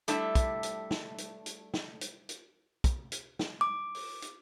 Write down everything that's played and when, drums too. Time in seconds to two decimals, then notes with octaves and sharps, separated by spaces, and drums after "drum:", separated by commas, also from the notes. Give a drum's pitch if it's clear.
0.08 G3 A3 D4 E4 E5, drum: hi-hat
0.35 drum: kick, hi-hat
0.63 drum: hi-hat
0.91 drum: snare
1.18 drum: hi-hat
1.46 drum: hi-hat
1.74 drum: snare
2.01 drum: hi-hat
2.29 drum: hi-hat
2.84 drum: kick, hi-hat
3.12 drum: hi-hat
3.39 drum: snare
3.61 D6
3.95 drum: open hi-hat
4.22 drum: hi-hat